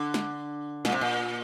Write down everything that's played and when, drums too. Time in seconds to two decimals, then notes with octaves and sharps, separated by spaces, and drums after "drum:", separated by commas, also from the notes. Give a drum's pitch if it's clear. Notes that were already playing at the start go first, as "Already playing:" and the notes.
Already playing: D3
0.14 drum: snare
0.85 A#2, drum: snare
0.92 C3
1.01 A#2